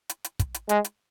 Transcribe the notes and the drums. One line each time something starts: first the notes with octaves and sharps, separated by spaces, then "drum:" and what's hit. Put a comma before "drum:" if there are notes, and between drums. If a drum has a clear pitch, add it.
drum: hi-hat
drum: hi-hat
drum: kick, hi-hat
drum: hi-hat
G#3, drum: hi-hat
drum: hi-hat